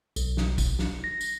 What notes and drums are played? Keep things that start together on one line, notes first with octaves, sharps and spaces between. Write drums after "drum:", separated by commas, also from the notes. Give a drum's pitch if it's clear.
B1, drum: tambourine
drum: snare
drum: kick, tambourine
drum: snare
A#6
drum: tambourine